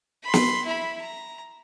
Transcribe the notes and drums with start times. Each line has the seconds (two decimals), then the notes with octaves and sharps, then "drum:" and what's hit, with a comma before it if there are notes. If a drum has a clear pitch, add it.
0.23 B5 C6
0.34 drum: snare
0.65 E4 B5
1.01 A#5